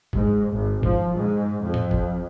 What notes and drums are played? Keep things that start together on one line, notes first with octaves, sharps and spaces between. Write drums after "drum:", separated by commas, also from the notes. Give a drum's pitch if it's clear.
G#2, drum: kick
G#1
F3, drum: kick
G#2
F2
drum: tom A2
drum: kick